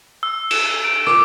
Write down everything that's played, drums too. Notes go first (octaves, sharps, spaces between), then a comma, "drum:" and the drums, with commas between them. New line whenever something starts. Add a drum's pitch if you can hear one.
E6
E7, drum: cymbal
D7
D6, drum: rim click